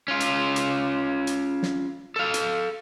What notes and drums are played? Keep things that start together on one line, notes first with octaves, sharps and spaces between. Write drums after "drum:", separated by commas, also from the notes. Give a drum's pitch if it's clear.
C#4 F4
drum: hi-hat
drum: hi-hat
drum: hi-hat
drum: snare
A4 F5
drum: hi-hat